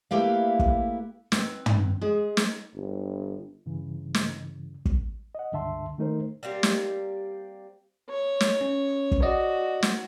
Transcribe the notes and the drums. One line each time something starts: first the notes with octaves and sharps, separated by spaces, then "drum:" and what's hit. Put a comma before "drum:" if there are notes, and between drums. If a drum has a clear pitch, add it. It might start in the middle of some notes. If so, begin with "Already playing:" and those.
A3 A#3 E4 G4 B4 F5
drum: kick
C4 B4, drum: snare
drum: tom
G#3 G#4
drum: snare
G1
G2 C#3 E3
drum: snare
drum: kick
D#5 F#5
C#2 G2 D3 E5 A5 C6
D#3 A3 D#4 A#4 C5
G3 A#3 C4 G4
drum: snare
C#5
drum: snare
C#4
drum: kick
F#4 D5 D#5
drum: snare